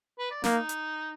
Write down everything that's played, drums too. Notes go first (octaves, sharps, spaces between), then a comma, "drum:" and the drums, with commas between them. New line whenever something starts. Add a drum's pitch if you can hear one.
B4
D5
A#3 D#4, drum: snare
drum: hi-hat